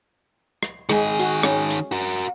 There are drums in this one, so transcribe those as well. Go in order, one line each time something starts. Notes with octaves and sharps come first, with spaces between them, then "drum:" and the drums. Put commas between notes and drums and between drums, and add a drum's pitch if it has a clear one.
drum: rim click
D#3 G#3 G#4, drum: rim click
F#4, drum: hi-hat
C#4, drum: rim click
drum: hi-hat
F#4 A#4